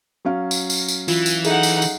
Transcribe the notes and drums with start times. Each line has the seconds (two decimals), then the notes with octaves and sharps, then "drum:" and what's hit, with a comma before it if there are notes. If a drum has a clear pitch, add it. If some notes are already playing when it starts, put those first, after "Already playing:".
0.25 F#3 C#4 F5
0.51 drum: tambourine
0.70 drum: tambourine
0.88 drum: tambourine
1.08 E3 F4, drum: tambourine
1.26 drum: tambourine
1.45 D#4 G#4 A4 E5 F#5, drum: tambourine
1.63 drum: tambourine
1.82 drum: tambourine